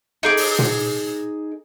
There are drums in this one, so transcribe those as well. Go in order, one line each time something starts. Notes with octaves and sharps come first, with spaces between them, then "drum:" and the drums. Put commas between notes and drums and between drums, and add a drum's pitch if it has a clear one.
D#4 G#4 D6
drum: open hi-hat
drum: tom